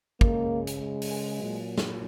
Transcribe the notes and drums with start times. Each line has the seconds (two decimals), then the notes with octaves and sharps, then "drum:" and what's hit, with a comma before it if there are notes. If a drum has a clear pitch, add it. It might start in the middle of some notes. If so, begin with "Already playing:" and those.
0.21 C#3 G#3 A#3, drum: kick
0.67 drum: hi-hat
0.79 G#3
1.02 drum: open hi-hat
1.36 A#2 F#3
1.78 drum: snare